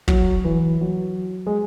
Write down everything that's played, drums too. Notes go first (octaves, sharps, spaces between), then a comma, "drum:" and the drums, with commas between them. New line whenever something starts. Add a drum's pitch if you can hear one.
F#3, drum: kick
E3
F#3
G#3